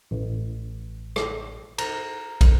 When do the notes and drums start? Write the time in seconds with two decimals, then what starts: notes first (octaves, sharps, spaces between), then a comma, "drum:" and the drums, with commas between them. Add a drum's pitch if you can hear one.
0.11 A1
1.16 drum: rim click
1.78 A#5, drum: cymbal
2.41 drum: kick, cymbal